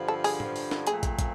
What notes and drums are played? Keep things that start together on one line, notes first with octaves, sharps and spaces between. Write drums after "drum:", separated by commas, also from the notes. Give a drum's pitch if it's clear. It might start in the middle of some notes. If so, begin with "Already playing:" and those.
Already playing: G2 D3 F3
A4
G#4, drum: open hi-hat
drum: tom A2
drum: open hi-hat
drum: snare
A#2 F3 A3 C4 G#4, drum: hi-hat
drum: kick, hi-hat
drum: kick, hi-hat